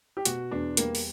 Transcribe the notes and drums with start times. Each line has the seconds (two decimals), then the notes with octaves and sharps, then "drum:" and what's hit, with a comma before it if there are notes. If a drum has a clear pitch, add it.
0.17 G4
0.25 B2 F#4, drum: hi-hat
0.51 E2 D4
0.77 G3 A#3, drum: hi-hat
0.95 drum: open hi-hat